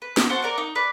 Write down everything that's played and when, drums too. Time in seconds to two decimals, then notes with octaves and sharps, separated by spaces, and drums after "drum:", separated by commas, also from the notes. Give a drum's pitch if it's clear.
0.02 B4
0.17 drum: snare
0.30 F#4 C5 F#5 A5
0.43 A#4 D5 F#5
0.58 D#4
0.75 B4 D5